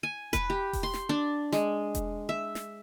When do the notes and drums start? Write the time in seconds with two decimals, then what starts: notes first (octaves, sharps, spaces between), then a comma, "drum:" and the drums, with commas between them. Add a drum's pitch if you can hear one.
0.03 G#5
0.33 B4, drum: kick E1, hi-hat
0.50 G4
0.73 drum: kick E1, open hi-hat
0.83 C6
0.94 drum: snare
1.09 D4
1.52 G#3, drum: snare
1.95 drum: kick E1, hi-hat
2.29 E5
2.55 drum: snare